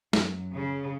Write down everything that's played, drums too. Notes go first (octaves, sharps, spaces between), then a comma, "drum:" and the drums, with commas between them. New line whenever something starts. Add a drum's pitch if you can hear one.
F#2, drum: snare
C#3